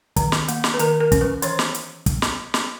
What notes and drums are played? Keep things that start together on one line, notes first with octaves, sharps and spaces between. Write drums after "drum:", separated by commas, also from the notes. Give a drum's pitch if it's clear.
D#3, drum: kick, hi-hat
drum: snare
A#3, drum: hi-hat
drum: snare
B4
D#3 A#4, drum: hi-hat
A#4
C#4, drum: kick, hi-hat
B4
E3 C#5, drum: hi-hat
drum: snare
drum: hi-hat
drum: kick, hi-hat
drum: snare
drum: snare